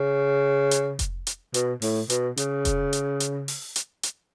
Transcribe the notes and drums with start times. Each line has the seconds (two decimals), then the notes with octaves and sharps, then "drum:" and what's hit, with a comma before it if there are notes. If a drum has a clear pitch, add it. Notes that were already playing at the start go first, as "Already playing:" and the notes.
Already playing: C#3
0.71 drum: hi-hat
0.99 drum: kick F1, hi-hat
1.27 drum: hi-hat
1.54 B2, drum: hi-hat
1.82 A2, drum: open hi-hat
2.10 B2, drum: hi-hat
2.37 C#3, drum: hi-hat
2.65 drum: kick F1, hi-hat
2.93 drum: hi-hat
3.20 drum: hi-hat
3.48 drum: open hi-hat
3.76 drum: hi-hat
4.03 drum: hi-hat